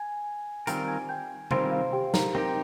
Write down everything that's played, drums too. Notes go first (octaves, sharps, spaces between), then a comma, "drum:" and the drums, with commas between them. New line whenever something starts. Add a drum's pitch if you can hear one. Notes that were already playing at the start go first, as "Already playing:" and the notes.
Already playing: G#5 G#6
D#3 G3 C4 F4 A#4 G5 G6, drum: hi-hat
G#5 G#6
G5 G6
D#3 G3 C4 F4 A#4 C5 C6, drum: tom C3
F5
G4 G5
A#4 A#5, drum: snare
C4 D#4 G4 A#4 A#5